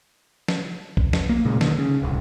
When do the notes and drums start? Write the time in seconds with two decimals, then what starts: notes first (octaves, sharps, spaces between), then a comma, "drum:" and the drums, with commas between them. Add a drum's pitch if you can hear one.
0.48 drum: snare
0.97 drum: kick B1
1.13 drum: snare
1.29 A#3
1.45 A#2 C#3 G#3
1.61 D3 D#3, drum: snare
1.78 C#3
2.02 D1 C2